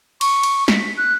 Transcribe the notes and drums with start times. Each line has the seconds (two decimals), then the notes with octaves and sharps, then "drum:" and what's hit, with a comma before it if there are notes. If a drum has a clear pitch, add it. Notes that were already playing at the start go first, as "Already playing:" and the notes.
0.21 C#6, drum: cymbal
0.43 drum: cymbal
0.68 B6, drum: snare
0.97 F#6